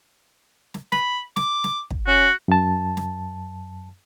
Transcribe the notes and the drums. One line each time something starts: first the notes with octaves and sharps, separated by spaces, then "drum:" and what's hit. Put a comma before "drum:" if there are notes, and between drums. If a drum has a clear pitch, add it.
drum: snare
B5, drum: snare
D6, drum: snare
drum: snare
drum: kick
C#4 F#4
F#2 A5
drum: snare